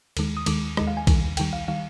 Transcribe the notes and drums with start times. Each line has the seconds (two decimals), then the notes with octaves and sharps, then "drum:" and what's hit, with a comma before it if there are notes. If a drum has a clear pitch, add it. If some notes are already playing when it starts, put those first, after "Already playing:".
0.17 D#2 D#3 G#3, drum: cymbal
0.37 D#6
0.46 D#2 D#3 G#3 D6, drum: cymbal
0.77 D#2 D#3 G#3 D#5, drum: rim click
0.87 F5
0.97 G#5
1.07 D#2 D#3 G3, drum: kick, cymbal
1.37 D#2 D#3 G3 G5, drum: cymbal
1.53 F5
1.68 D#3 G3 F5